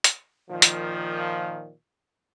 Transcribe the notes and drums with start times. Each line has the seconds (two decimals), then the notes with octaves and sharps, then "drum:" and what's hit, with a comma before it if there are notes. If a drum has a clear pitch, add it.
0.04 drum: hi-hat
0.50 A#2 D#3 F3
0.62 drum: hi-hat